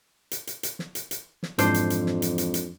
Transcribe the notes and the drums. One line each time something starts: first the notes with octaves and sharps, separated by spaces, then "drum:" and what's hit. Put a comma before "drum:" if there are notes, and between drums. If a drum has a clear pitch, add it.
drum: hi-hat
drum: hi-hat
drum: hi-hat
drum: snare
drum: hi-hat
drum: hi-hat
drum: snare
F2 G#2 E3 D4 C5, drum: hi-hat
drum: hi-hat
drum: hi-hat
drum: snare
drum: hi-hat
drum: hi-hat
drum: hi-hat